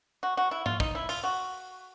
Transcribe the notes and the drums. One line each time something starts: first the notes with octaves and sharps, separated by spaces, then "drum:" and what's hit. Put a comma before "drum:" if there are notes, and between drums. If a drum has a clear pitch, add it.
F#4
F#4
E4
F4, drum: tom G#2
D#4, drum: kick
E4
F4, drum: open hi-hat
F#4